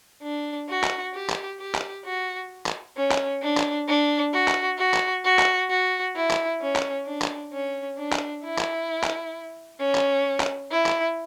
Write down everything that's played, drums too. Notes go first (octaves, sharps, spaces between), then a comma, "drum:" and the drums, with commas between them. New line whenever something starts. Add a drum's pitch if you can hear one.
D4
F#4
drum: clap
G4
drum: clap
G4
drum: clap
F#4
drum: clap
C#4
drum: clap
D4
drum: clap
D4
F#4
drum: clap
F#4
drum: clap
F#4
drum: clap
F#4
E4
drum: clap
C#4
drum: clap
D4
drum: clap
C#4
D4
drum: clap
E4
drum: clap
drum: clap
C#4
drum: clap
drum: clap
E4
drum: clap